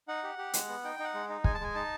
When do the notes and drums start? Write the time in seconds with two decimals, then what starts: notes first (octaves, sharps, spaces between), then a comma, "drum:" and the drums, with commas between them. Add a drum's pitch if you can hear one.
0.08 D#4 F#5
0.23 G4
0.38 G4
0.53 G#3, drum: hi-hat
0.69 B3
0.84 D#4 G5
0.99 D#4
1.04 F#5
1.14 G#3
1.29 D#4
1.44 G#3 G#5, drum: kick
1.54 A5
1.60 G#3 G#5
1.75 D#4 A5